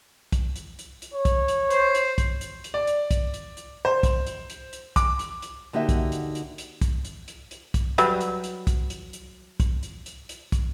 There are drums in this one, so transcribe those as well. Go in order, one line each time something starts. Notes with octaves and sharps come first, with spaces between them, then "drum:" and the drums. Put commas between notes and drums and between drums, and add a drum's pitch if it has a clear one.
drum: kick, hi-hat
drum: hi-hat
drum: hi-hat
drum: hi-hat
C#5
drum: kick, hi-hat
drum: hi-hat
C5, drum: hi-hat
drum: hi-hat
drum: kick, hi-hat
drum: hi-hat
drum: hi-hat
D5
drum: hi-hat
drum: kick, hi-hat
drum: hi-hat
drum: hi-hat
C5
drum: kick, hi-hat
drum: hi-hat
drum: hi-hat
drum: hi-hat
D6, drum: kick, hi-hat
drum: hi-hat
drum: hi-hat
D3 A#3 D#4 F#4 G4 E5
drum: kick, hi-hat
drum: hi-hat
drum: hi-hat
drum: hi-hat
drum: kick, hi-hat
drum: hi-hat
drum: hi-hat
drum: hi-hat
drum: kick, hi-hat
F#3 G3 B4, drum: hi-hat
drum: hi-hat
drum: hi-hat
drum: kick, hi-hat
drum: hi-hat
drum: hi-hat
drum: kick, hi-hat
drum: hi-hat
drum: hi-hat
drum: hi-hat
drum: kick, hi-hat